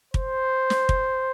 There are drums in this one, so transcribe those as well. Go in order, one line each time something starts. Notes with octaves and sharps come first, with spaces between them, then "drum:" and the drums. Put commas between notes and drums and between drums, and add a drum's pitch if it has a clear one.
C5, drum: kick
drum: snare
drum: kick